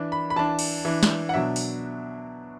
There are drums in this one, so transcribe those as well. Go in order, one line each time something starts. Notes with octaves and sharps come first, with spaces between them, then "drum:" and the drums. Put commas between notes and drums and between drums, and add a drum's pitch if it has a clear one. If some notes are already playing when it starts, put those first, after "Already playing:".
Already playing: E3 D4
B5
B5
E3 D4 A5
drum: cymbal
E3 D4
drum: snare
F#5
B2 F#3 D4 E5
drum: open hi-hat